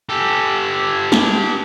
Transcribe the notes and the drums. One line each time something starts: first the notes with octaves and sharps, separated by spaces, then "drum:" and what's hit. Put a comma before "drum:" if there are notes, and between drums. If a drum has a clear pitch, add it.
G4 A4
drum: snare